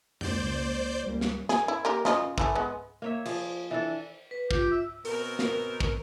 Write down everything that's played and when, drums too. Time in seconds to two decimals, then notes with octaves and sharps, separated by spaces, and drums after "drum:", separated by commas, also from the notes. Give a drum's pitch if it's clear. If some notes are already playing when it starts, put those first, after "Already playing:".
0.21 C#2 A#3 C5 D5 G6, drum: tom F2
1.03 C#2 G3 A#3
1.21 drum: snare
1.49 G#4, drum: snare
1.68 E4
1.85 A#3 G4 A#4
2.05 C#3 F4 D#5, drum: snare
2.38 E3 G3 A3, drum: kick
2.55 G#3 B3
3.02 A#3 C#5 E5
3.25 F3 G#4, drum: cymbal
3.71 E3 D4 A4
4.31 B4
4.51 F4 G4, drum: kick
4.71 E5
5.05 B2 C4 A#4, drum: open hi-hat
5.39 drum: snare
5.80 drum: kick